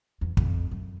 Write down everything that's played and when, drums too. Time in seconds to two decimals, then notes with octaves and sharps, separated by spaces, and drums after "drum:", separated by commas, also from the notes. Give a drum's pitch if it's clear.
0.21 E2
0.37 F2, drum: kick
0.71 F#2